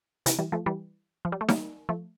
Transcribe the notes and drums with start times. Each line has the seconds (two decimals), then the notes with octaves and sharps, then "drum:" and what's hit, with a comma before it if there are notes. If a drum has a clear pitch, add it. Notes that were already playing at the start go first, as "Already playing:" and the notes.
0.26 C3 E3, drum: hi-hat
0.39 E3 G3
0.52 F3 A3
0.66 E3 G3
1.25 F3
1.32 G3
1.41 A3
1.49 G3 A#3, drum: snare D#4
1.89 F3 A3